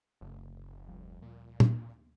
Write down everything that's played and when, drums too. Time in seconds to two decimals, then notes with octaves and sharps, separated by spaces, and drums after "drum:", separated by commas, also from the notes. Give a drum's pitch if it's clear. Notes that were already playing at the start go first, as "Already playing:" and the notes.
0.21 F1 F#2 C#3 A3
0.87 D2 F3 G3
1.22 A#2
1.60 drum: tom